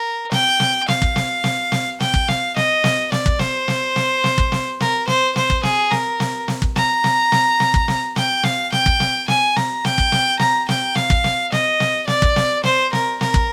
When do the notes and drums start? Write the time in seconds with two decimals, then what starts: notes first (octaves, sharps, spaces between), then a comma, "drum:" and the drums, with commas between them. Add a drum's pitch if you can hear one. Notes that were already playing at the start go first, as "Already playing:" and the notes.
Already playing: A#4
0.32 G5, drum: snare
0.60 drum: snare
0.88 F5, drum: snare
1.02 drum: kick
1.16 drum: snare
1.44 drum: snare
1.72 drum: snare
2.00 G5, drum: snare
2.14 drum: kick
2.28 F5, drum: snare
2.56 D#5, drum: snare
2.84 drum: snare
3.12 D5, drum: snare
3.26 drum: kick
3.39 C5, drum: snare
3.68 drum: snare
3.96 drum: snare
4.24 drum: snare
4.38 drum: kick
4.52 drum: snare
4.80 A#4, drum: snare
5.07 C5, drum: snare
5.36 C5, drum: snare
5.50 drum: kick
5.63 G#4, drum: snare
5.91 A#4, drum: snare
6.20 drum: snare
6.48 drum: snare
6.62 drum: kick
6.76 A#5, drum: snare
7.04 drum: snare
7.32 drum: snare
7.60 drum: snare
7.74 drum: kick
7.88 drum: snare
8.16 G5, drum: snare
8.43 F5, drum: snare
8.72 G5, drum: snare
8.86 drum: kick
9.00 drum: snare
9.28 G#5, drum: snare
9.56 A#5, drum: snare
9.85 G5, drum: snare
9.98 drum: kick
10.12 drum: snare
10.39 A#5, drum: snare
10.69 G5, drum: snare
10.95 F5, drum: snare
11.10 drum: kick
11.24 drum: snare
11.52 D#5, drum: snare
11.80 drum: snare
12.08 D5, drum: snare
12.22 drum: kick
12.36 drum: snare
12.64 C5, drum: snare
12.93 A#4, drum: snare
13.21 A#4, drum: snare
13.34 drum: kick